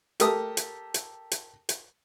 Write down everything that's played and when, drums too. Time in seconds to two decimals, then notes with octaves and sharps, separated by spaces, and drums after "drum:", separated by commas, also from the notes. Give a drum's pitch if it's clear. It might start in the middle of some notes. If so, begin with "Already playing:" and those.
0.20 G4 A4 A#4 A5 D#6, drum: hi-hat
0.57 drum: hi-hat
0.94 drum: hi-hat
1.31 drum: hi-hat
1.69 drum: hi-hat